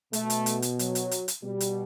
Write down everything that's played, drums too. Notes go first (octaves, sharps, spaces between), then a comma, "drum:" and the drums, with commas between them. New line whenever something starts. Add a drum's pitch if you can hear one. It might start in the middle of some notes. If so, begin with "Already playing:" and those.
B2 A3, drum: hi-hat
drum: hi-hat
drum: hi-hat
drum: hi-hat
F#3, drum: hi-hat
drum: hi-hat
drum: hi-hat
drum: hi-hat
B2 G3
drum: hi-hat